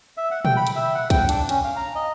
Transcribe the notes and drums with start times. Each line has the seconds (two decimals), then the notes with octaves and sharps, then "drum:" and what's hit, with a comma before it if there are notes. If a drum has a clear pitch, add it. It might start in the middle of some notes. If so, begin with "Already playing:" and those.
0.17 E5
0.31 F#5
0.45 G5, drum: tom A#2
0.57 B5
0.67 drum: hi-hat
0.76 E5
0.95 F#5
1.10 G5, drum: kick, hi-hat
1.29 D4, drum: hi-hat
1.49 C#4, drum: hi-hat
1.64 F5
1.76 A#5
1.95 D#5